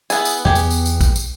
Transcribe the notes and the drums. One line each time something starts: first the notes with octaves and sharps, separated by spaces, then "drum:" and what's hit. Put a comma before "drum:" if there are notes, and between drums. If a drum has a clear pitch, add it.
B3 E4 G#4, drum: tambourine
drum: tambourine
E2 B3 G4 G#4
drum: tambourine
drum: tambourine
drum: tambourine
drum: kick A#1, tambourine
drum: tambourine